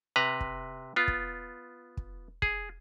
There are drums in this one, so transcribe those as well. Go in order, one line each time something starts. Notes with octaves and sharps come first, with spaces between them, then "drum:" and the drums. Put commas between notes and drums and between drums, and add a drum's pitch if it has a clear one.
C3 B4 A#5
drum: kick
B3 F4
drum: kick
drum: kick
G#4, drum: kick